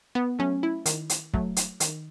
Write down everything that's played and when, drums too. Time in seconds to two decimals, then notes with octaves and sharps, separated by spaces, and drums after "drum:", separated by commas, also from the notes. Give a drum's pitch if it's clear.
0.15 B3
0.39 F#3 A3 C#4
0.63 E4
0.86 D#3, drum: hi-hat
1.09 drum: hi-hat
1.34 F#3 A3, drum: kick
1.56 drum: hi-hat
1.80 D#3, drum: hi-hat